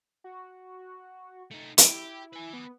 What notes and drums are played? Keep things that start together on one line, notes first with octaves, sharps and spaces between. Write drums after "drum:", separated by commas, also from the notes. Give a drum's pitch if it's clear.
F#4
A3 D#4
E4 G4, drum: hi-hat
B4 G#5
B3